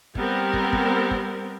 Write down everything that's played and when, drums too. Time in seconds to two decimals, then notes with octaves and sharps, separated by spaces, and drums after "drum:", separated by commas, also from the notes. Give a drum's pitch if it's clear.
0.15 G3 B3 C4 A#4, drum: kick
0.53 drum: kick
0.73 drum: kick
1.11 drum: kick